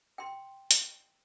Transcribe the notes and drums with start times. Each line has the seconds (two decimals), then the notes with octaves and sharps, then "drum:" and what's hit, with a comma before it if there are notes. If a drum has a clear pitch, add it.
0.18 G5 C6
0.71 drum: hi-hat